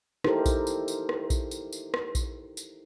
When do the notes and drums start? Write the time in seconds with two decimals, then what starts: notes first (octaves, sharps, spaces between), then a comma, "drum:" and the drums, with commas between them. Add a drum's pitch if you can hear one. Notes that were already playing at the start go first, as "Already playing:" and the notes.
0.24 D#4 E4 G4 A4 A#4 C5, drum: rim click
0.46 drum: kick A#1, tambourine
0.67 drum: tambourine
0.88 drum: tambourine
1.09 drum: rim click
1.30 drum: kick A#1, tambourine
1.51 drum: tambourine
1.73 drum: tambourine
1.94 drum: rim click
2.15 drum: kick A#1, tambourine
2.57 drum: tambourine